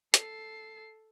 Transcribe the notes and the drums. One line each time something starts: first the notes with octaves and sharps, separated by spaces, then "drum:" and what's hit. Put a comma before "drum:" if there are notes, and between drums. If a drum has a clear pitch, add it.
A4 C7, drum: hi-hat